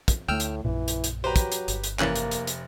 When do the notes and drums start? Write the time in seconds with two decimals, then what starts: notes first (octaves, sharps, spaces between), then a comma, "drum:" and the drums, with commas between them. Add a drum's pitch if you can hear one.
0.08 drum: kick, hi-hat
0.28 D2 A2 A3 G5 E6 F6
0.40 drum: hi-hat
0.65 A#1 F#2 A#2 E3
0.88 drum: hi-hat
1.04 drum: hi-hat
1.24 F#3 G4 B4 C5 A#5
1.36 drum: kick, hi-hat
1.52 drum: hi-hat
1.68 G1, drum: hi-hat
1.84 drum: hi-hat
2.00 F1 E3 A#3 C#4 F#6 A6, drum: clap
2.15 drum: hi-hat
2.31 drum: hi-hat
2.47 drum: hi-hat